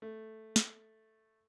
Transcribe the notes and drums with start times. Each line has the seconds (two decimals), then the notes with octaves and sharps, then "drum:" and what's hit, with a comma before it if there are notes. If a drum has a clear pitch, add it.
0.02 A3
0.56 drum: snare